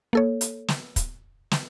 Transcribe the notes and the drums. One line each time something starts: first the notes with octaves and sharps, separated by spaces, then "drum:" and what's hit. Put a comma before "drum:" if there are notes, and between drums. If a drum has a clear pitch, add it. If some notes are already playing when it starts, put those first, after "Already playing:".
A#3 A4 C#5
drum: hi-hat
drum: snare
drum: kick, hi-hat
drum: snare